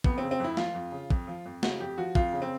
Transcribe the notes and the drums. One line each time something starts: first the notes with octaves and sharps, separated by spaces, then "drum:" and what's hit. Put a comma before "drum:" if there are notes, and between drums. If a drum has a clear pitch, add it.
F2 B3, drum: kick
C4
C#3
C4
F2 E4
F3 F4, drum: snare
F2
C#3
F2, drum: kick
F3
F2
C#3 F#4, drum: snare
F2 G4
F3 F#4
F2 F4, drum: kick
C#3
C4